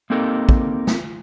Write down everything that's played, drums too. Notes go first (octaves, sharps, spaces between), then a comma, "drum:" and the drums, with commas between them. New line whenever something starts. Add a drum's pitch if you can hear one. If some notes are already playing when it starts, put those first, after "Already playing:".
A#3 C4 D#4 G4 A4 A#4
drum: kick
drum: snare